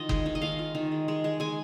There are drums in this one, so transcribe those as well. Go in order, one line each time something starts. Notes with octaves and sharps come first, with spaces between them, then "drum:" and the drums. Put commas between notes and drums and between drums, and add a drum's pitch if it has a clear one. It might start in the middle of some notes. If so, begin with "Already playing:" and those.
Already playing: D#3 F4 D#5
G#3, drum: kick F#1
D#3
D#5
D#3 F5
F4
D#3
G#3
G#3
G#3
G#3 G#5